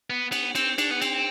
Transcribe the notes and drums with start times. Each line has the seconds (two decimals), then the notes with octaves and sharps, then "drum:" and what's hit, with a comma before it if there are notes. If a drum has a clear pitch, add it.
0.10 B3
0.32 B3, drum: cymbal
0.55 C4, drum: cymbal
0.78 D4, drum: cymbal
0.91 B3
1.02 C4, drum: cymbal